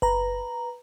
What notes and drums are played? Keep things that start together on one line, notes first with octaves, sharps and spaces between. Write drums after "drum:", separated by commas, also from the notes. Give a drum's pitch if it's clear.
B4 A#5, drum: kick F#1